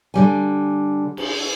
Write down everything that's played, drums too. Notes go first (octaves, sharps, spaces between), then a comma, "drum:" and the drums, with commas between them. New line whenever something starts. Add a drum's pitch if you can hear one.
D3 G3 G#5
drum: cymbal